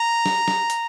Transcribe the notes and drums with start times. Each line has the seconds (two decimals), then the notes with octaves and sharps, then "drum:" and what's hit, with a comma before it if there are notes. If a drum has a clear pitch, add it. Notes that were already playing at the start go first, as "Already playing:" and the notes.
Already playing: A#5
0.26 drum: snare
0.48 drum: snare
0.70 drum: hi-hat